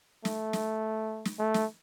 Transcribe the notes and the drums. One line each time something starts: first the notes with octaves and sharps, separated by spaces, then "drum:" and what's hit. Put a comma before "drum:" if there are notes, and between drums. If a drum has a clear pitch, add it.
A3, drum: snare
drum: snare
drum: snare
A3
drum: snare